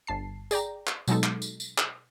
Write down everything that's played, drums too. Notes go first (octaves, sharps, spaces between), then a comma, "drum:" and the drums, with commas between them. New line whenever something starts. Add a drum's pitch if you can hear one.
G1 A5 C7
G#4 D5 G5 A#5, drum: tambourine
drum: clap
B2 F#3 G#3 D#4 A4, drum: tambourine
drum: clap
drum: tambourine
drum: tambourine
drum: clap